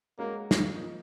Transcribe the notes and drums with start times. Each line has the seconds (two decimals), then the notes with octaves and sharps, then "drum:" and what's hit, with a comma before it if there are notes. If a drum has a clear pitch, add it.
0.19 G#3 A#3 C#4 F#4
0.51 drum: snare
0.75 F3 A#3 D#4